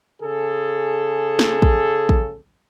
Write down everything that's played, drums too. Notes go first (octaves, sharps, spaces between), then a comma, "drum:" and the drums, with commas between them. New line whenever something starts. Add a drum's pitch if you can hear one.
C#3 G#4 A4
drum: snare
drum: kick
drum: kick